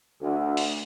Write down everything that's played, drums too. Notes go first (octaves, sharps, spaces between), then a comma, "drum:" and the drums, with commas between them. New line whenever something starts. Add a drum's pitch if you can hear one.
D2
drum: open hi-hat